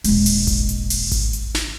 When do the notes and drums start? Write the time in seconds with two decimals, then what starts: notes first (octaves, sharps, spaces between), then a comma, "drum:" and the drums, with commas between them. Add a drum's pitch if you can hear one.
0.04 D#1 G#3, drum: open hi-hat
0.26 drum: open hi-hat
0.47 drum: kick G#1, hi-hat
0.69 drum: hi-hat
0.90 drum: open hi-hat
1.12 drum: kick G#1, hi-hat
1.33 drum: hi-hat
1.55 drum: snare